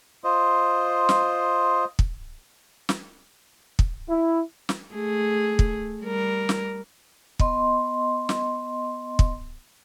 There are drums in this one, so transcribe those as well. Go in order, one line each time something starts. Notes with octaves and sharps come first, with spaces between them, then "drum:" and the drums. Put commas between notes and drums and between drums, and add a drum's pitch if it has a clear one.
F4 C5 D#5
drum: snare
drum: kick
drum: snare
drum: kick
E4
drum: snare
A3 G#4
drum: kick
G3 A#4
drum: snare
B3 D#5 C6, drum: kick
drum: snare
drum: kick